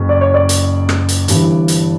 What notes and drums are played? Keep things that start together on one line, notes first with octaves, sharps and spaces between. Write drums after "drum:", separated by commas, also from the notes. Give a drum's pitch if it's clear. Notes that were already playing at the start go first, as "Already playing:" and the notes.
Already playing: F#1 F#2
D5
C#5
D5
drum: hi-hat
drum: rim click
drum: hi-hat
G1 G2 E3, drum: hi-hat
drum: hi-hat